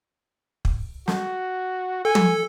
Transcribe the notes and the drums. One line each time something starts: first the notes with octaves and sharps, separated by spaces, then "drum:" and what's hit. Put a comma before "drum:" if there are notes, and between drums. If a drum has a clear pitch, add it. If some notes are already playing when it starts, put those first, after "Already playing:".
drum: kick
F#4, drum: snare
A4 G#5
drum: tom